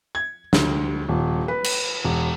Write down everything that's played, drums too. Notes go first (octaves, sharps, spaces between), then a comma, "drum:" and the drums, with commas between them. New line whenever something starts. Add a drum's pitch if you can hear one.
G#6
D2, drum: snare
D#1
B4
drum: cymbal
E1